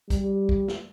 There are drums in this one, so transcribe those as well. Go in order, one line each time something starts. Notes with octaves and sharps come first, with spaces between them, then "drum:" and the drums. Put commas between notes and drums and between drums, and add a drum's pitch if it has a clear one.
G3, drum: kick, hi-hat
drum: kick
drum: snare